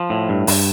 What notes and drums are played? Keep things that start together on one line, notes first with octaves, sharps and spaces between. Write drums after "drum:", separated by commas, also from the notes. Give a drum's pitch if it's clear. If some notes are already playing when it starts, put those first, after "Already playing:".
Already playing: F3
A2
G2
G2, drum: open hi-hat